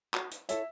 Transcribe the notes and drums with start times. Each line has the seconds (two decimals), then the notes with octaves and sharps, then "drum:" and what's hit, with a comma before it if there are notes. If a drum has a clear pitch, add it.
0.14 F#4 C#5 F#5, drum: clap
0.31 drum: hi-hat
0.49 E4 A4 C#5 E5, drum: hi-hat